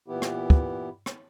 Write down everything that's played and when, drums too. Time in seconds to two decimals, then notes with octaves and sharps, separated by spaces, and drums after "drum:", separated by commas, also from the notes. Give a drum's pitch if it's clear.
0.08 A#2 E3 B3 E4 G4
0.22 drum: rim click
0.50 drum: kick
1.06 drum: rim click